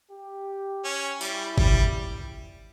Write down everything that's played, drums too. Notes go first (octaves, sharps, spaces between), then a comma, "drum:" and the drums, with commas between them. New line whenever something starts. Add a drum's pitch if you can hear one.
G4
C#4
G3 E4, drum: tambourine
G3, drum: kick G1